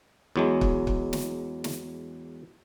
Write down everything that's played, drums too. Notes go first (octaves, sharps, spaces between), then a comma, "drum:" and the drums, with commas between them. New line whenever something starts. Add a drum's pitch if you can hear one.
E2 F#3 G#3
drum: kick
drum: kick
drum: snare
drum: snare